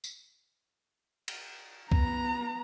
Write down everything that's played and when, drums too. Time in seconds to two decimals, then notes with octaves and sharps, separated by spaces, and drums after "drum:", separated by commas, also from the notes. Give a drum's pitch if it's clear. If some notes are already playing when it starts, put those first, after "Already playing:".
0.04 drum: tambourine
1.28 drum: cymbal
1.92 B3 A#5, drum: kick C2